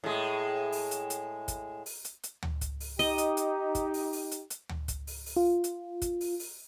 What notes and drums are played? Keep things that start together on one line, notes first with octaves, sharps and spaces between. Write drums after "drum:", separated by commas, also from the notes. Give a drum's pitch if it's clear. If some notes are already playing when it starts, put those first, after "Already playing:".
A2 G#3
drum: open hi-hat
drum: hi-hat
drum: hi-hat
drum: kick, hi-hat
drum: open hi-hat
drum: hi-hat
drum: hi-hat
drum: tom D2
drum: kick, hi-hat
drum: open hi-hat
D#4 G4 D#5, drum: open hi-hat
drum: hi-hat
drum: hi-hat
drum: kick, hi-hat
drum: open hi-hat
drum: open hi-hat
drum: hi-hat
drum: hi-hat
drum: tom D2
drum: kick, hi-hat
drum: open hi-hat
drum: open hi-hat
F4
drum: hi-hat
drum: kick, hi-hat
drum: open hi-hat
drum: open hi-hat